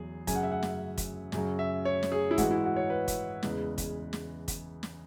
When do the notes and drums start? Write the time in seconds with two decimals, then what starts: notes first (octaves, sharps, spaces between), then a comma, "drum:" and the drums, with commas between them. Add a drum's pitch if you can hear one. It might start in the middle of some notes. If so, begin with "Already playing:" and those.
Already playing: E2 F#3 G#4
0.27 F#2 C#3 F#3 G#5, drum: kick, hi-hat
0.35 F#5
0.43 E5
0.51 F#5
0.63 drum: snare
0.98 drum: kick, hi-hat
1.32 F#2 C#3 F#3, drum: snare
1.59 E5
1.85 C#5
2.03 drum: snare
2.12 G#4
2.31 E4
2.38 G#2 E3 G#3 F#4, drum: kick, hi-hat
2.51 E4
2.64 F#4
2.76 C#5
2.90 B4
3.08 drum: kick, hi-hat
3.43 E2 C#3 E3 G#3, drum: snare
3.78 drum: kick, hi-hat
4.13 drum: snare
4.48 drum: kick, hi-hat
4.83 drum: snare